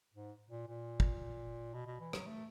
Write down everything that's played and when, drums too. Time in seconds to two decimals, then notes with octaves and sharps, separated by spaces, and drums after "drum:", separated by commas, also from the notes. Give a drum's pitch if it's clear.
0.14 G#2
0.50 A#2
0.68 A#2
1.00 drum: kick
1.74 B2
1.87 B2
2.00 E3
2.13 F#3, drum: rim click
2.26 A3